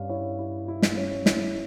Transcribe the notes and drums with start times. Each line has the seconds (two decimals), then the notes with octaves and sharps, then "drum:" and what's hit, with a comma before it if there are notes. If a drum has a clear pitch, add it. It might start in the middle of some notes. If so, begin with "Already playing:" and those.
Already playing: G2 C#4 F5
0.09 E4 C#5
0.39 E4
0.68 E4
0.82 drum: snare
0.97 C#4
1.26 E4, drum: snare